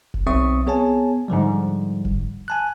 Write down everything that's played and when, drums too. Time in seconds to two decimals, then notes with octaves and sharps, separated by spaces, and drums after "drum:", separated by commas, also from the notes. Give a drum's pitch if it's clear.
0.14 drum: kick F1
0.27 B1 C4 E5 C#6 D#6
0.67 B3 G#4 C#5 G#5 A5
1.28 G#2 D3 F3 G3
2.05 drum: kick F1
2.48 G#5 A5 F#6